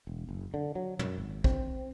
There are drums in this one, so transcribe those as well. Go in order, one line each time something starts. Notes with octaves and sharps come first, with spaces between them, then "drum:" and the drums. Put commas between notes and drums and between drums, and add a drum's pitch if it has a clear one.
E1
F#1
D3
F#3
F#2, drum: tom
G#1
C4, drum: kick A#1